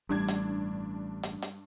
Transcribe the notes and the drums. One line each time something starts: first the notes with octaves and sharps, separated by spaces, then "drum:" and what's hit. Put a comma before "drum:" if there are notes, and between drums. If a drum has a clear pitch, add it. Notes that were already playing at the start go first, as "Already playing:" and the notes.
A1 G2 G3 D4 G#6
drum: hi-hat
drum: hi-hat
drum: hi-hat